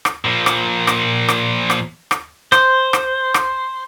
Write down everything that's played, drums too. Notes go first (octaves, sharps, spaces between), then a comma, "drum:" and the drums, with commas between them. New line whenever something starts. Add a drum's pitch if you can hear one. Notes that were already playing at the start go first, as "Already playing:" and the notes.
drum: rim click
A#2 F3
drum: rim click
drum: rim click
drum: rim click
drum: rim click
drum: rim click
C5, drum: rim click
drum: rim click
drum: rim click